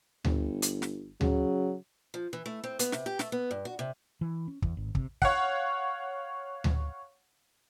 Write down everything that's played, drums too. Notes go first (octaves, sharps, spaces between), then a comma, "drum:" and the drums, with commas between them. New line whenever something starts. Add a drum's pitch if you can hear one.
G1, drum: tom D2
drum: hi-hat
drum: snare
C#3 F#3, drum: tom D2
F3
E3
A3
C4
B3, drum: hi-hat
C3, drum: snare
G4
A3, drum: snare
B3
G2
F#4
C3
E3
C#4
E2, drum: kick
G#1
C3, drum: kick
C#5 F5 F#5, drum: kick
drum: tom D2